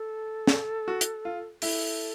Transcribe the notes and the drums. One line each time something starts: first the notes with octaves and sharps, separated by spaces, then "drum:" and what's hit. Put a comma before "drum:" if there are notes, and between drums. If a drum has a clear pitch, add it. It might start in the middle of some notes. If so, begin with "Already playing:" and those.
Already playing: A4
drum: snare
F#4
drum: hi-hat
F4
E4 A4, drum: open hi-hat